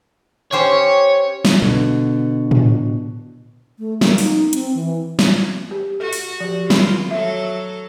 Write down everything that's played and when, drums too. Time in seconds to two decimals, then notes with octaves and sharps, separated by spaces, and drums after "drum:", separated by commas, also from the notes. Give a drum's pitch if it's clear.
0.52 C#4 G4 C5 C#5
1.45 drum: snare
1.62 B2 D3
2.51 drum: tom A2
3.79 A3
4.01 A#3, drum: snare
4.18 D#4, drum: open hi-hat
4.53 C4, drum: hi-hat
4.74 E3
5.19 drum: snare
5.71 G4
6.00 F#4 A4
6.13 drum: open hi-hat
6.40 F3 G4
6.70 D#3 F4 B5, drum: snare
7.11 F#3 A4 E5